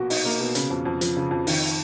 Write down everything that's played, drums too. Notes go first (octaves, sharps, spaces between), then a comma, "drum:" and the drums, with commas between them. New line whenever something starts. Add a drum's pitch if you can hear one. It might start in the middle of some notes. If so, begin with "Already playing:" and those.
Already playing: A#1 B2 A#3 F#4
D#4, drum: open hi-hat
A#3
B2
C#3, drum: hi-hat
F2
F2
F3, drum: hi-hat
C#3
F2
D#3, drum: open hi-hat